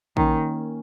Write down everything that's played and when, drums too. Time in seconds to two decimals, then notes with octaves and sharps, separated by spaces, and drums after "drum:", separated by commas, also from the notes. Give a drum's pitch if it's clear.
0.17 D#3 A#3 C#4, drum: kick A#1